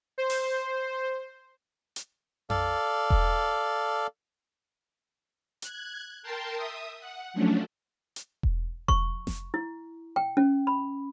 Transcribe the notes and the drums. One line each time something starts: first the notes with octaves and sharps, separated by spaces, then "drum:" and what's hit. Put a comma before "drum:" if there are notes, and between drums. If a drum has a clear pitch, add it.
C5
drum: open hi-hat
drum: hi-hat
A4 D5 F5, drum: tom F2
drum: kick E1
F#6 G#6, drum: hi-hat
A#4 G5 A5 C6
E5 D#6
F#5
F3 F#3 A3 C#4 D4
drum: hi-hat
drum: kick E1
C#6, drum: kick E1
drum: snare F1
E4
G5
C#4
B5